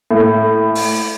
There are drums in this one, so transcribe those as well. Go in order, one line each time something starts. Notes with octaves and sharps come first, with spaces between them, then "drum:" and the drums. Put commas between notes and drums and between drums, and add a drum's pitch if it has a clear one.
A2
drum: open hi-hat